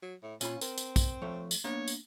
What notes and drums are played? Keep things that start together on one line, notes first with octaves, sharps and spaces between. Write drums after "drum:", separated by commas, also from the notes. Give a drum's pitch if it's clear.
F#3
A2
A#2 C#4 F4 B5, drum: tambourine
C4 A#4, drum: tambourine
drum: tambourine
drum: kick, tambourine
F3 A3 C#5
drum: tambourine
A#3 B3 D4 C#5
drum: tambourine